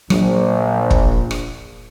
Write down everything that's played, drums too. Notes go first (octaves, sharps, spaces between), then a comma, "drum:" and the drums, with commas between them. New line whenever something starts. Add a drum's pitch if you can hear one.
A#1 F#3, drum: rim click
drum: kick
drum: rim click